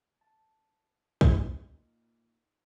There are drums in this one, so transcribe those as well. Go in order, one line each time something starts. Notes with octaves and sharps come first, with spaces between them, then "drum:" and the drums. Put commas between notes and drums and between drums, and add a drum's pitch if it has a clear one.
A5
drum: kick
A#2 D#4